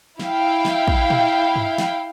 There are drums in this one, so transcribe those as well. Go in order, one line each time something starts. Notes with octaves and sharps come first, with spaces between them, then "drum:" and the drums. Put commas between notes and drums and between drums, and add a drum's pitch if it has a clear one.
E4 F5 G5, drum: snare
drum: snare
drum: kick
drum: tom A#2
drum: tom G2
drum: snare